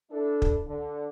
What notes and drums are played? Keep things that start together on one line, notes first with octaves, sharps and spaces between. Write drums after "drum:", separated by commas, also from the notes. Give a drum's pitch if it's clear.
D4 E4 A4
drum: kick
D3